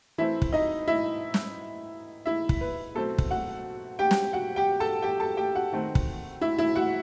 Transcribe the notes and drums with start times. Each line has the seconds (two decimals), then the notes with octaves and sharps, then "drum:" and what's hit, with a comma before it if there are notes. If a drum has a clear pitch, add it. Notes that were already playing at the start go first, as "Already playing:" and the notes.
0.18 E3 A3 C4 E4 E5
0.42 drum: kick
0.53 D#4 D#5
0.87 E4 E5
1.34 drum: snare
2.26 E4 E5
2.49 drum: kick
2.61 B4
2.95 B2 F#3 A3 C4 A4
3.18 drum: kick
3.31 F#4 F#5
3.99 G4 G5
4.11 drum: snare
4.33 F#4 F#5
4.56 G4 G5
4.80 A4 A5
5.02 G4 G5
5.20 A4 A5
5.37 G4 G5
5.55 F#4 F#5
5.72 D#3 A3 C4
5.95 drum: kick
6.41 E4 E5
6.58 E4 E5
6.76 F#4 F#5